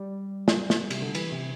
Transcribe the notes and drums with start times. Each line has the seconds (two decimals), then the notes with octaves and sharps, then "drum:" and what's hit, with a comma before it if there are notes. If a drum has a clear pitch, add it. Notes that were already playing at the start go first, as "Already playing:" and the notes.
Already playing: G3
0.48 drum: snare
0.70 drum: snare
0.91 C3, drum: cymbal
1.02 D3
1.15 E3, drum: cymbal
1.32 C3